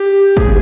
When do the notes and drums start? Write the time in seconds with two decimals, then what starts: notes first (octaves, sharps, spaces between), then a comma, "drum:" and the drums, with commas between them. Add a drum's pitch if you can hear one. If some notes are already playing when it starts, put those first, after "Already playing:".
Already playing: G4
0.37 G#4, drum: kick